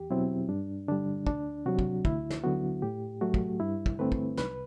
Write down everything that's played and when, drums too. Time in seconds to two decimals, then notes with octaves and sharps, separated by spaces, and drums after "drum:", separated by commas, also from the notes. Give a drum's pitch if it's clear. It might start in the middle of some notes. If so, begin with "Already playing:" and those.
Already playing: E2 G4
0.10 B2 F#3 C4 E4
0.49 G2 D4
0.88 D3 G3 D4
1.27 D2 D4, drum: kick
1.66 C3 F#3 F#4
1.79 drum: kick
2.05 D2 E4, drum: kick
2.30 drum: snare
2.44 D3 F#3 B3 F#4
2.82 A2 G4
3.21 F#3 A3 F#4
3.34 drum: kick
3.60 G2 E4
3.86 drum: kick
3.99 D3 A3 C4 B4
4.12 drum: kick
4.37 C2 B4, drum: snare